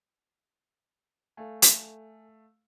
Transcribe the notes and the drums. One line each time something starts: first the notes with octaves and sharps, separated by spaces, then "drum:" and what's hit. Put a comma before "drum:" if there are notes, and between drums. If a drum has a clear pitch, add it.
A3 A4 F5 G#5
drum: hi-hat